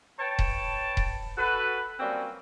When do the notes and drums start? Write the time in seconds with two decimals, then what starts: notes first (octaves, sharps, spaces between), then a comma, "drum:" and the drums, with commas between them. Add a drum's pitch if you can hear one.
0.19 B4 C#5 G5 A5
0.39 drum: kick D#1
0.97 drum: kick D#1
1.38 F#4 A4 B4
1.99 F#3 G3 A#3 C4 C#4 F#4